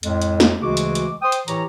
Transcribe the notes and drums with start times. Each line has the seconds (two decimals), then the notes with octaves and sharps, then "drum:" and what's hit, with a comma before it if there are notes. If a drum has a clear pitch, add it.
0.03 F2 A2 G#3, drum: hi-hat
0.22 drum: hi-hat
0.40 drum: snare
0.62 D2 C#3 E3 G#3 F#4 D6
0.77 drum: hi-hat
0.95 drum: hi-hat
1.22 C5 G5 C6 D#6
1.32 drum: hi-hat
1.48 A2 E3 G4 C#5 A#5, drum: hi-hat